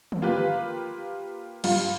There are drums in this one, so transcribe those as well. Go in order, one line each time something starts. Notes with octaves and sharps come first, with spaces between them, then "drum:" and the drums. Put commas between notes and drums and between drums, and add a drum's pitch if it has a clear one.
drum: tom
A#3 F4 G4 B4
G2 F4, drum: cymbal